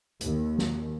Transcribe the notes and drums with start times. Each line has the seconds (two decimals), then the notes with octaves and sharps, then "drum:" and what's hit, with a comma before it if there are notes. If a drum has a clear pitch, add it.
0.21 D#2, drum: hi-hat
0.58 drum: snare